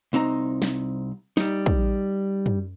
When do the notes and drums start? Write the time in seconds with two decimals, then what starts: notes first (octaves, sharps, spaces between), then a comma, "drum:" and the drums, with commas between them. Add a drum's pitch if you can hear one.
0.13 C2 C4 D#4 A#5
0.62 drum: snare
1.37 G3 D#4, drum: snare
1.66 drum: kick
2.46 drum: tom F#2